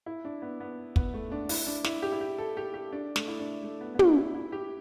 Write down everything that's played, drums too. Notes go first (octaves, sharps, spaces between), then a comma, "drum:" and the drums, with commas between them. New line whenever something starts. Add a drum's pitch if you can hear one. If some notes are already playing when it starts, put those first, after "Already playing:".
E4
D4
B3
B3
B3, drum: kick
A3
D4
E4, drum: open hi-hat
D4
E4, drum: snare
G4
E4
G4
A4
G4
G4
D4
A3, drum: snare
E4
D4
A3
B3
B3
D4, drum: tom
E4
E4
G4